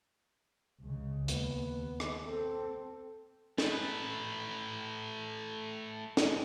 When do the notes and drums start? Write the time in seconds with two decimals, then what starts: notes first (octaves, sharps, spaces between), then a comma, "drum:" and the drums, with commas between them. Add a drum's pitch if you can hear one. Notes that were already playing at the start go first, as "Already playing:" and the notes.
0.80 C#2 C#3
1.28 D#2 B3, drum: hi-hat
2.00 drum: rim click
2.27 C4 A4
3.58 A3 B4, drum: snare
6.17 drum: snare